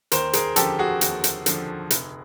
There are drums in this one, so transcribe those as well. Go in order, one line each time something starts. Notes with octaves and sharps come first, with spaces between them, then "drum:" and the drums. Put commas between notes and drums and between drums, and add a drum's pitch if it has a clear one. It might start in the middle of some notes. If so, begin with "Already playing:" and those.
D#2 A#4 C5, drum: hi-hat
G#4 A#4, drum: hi-hat
D3 F3 G4 A4, drum: hi-hat
F#4 G#4
D#2, drum: hi-hat
drum: hi-hat
D3 F3, drum: hi-hat
F1, drum: hi-hat